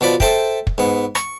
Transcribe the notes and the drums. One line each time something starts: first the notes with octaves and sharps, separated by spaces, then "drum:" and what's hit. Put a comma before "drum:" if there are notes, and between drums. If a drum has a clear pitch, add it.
B2 F3 D5 B5
A4 C5 E5 G5, drum: kick
drum: kick
G#2 B3
C#6, drum: rim click